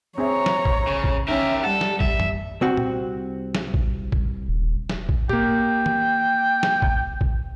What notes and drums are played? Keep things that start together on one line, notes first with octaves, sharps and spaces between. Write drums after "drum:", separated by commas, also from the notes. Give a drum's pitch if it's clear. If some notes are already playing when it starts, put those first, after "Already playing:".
C4 G#4 C#5 E5 A#5
drum: snare
drum: kick A1
C#3
drum: kick A1
D#3 C#4 G4 A#4 E5
G3 A4 F#5
drum: snare
E5, drum: kick A1
drum: tom F#2
C2 C4 F#4
drum: tom A#2
drum: snare
drum: kick A1
drum: kick A1
D#1
drum: snare
drum: kick A1
A#3 G4 G5, drum: tom A#2
drum: tom
drum: snare
drum: kick A1
drum: kick A1